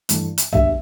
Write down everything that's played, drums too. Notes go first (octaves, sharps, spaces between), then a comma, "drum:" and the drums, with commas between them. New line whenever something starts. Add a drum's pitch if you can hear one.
G2 E3 A3, drum: hi-hat
drum: hi-hat
D2 D3 G3 B3 E5, drum: tom